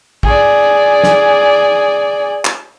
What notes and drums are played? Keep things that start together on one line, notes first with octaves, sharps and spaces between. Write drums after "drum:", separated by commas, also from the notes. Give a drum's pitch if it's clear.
G#4 D5, drum: kick
drum: snare
drum: clap